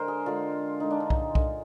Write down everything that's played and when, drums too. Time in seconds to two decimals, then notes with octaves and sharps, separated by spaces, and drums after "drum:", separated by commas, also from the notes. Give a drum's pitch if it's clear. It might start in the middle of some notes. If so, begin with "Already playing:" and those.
Already playing: D3 G#3 A#4 C5
0.08 G#4
0.26 D3 G#3 F4
0.80 D3 G#3 D#4
0.90 D4
1.00 D#4
1.10 drum: kick B1
1.35 D3 F3 G#3, drum: kick B1